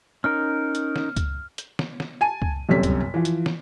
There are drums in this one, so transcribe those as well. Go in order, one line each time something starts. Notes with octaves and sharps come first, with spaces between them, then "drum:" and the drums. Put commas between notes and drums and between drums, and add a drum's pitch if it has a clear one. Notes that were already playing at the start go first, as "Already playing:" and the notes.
C#4 D#4 A#4 F6
drum: hi-hat
drum: snare
drum: kick C#2, hi-hat
drum: hi-hat
drum: snare
drum: snare
G#5 A5 D#7
drum: kick C#2
G1 F#2 C3 C#5 B6
drum: kick C#2, hi-hat
E3 F3
drum: hi-hat
drum: snare